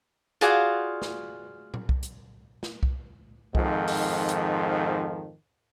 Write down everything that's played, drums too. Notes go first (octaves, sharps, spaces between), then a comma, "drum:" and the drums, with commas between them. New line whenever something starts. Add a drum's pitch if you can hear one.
F4 F#4 G#4 D5 F5, drum: hi-hat
drum: snare
drum: tom A#2
drum: kick C2
drum: hi-hat
drum: snare
drum: kick C2
F2 G#2 D#3 F3, drum: kick C2
drum: open hi-hat
drum: hi-hat